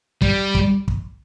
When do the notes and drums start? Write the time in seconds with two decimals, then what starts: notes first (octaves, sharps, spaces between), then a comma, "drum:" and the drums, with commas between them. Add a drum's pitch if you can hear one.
0.22 G3, drum: kick
0.55 drum: kick
0.88 drum: kick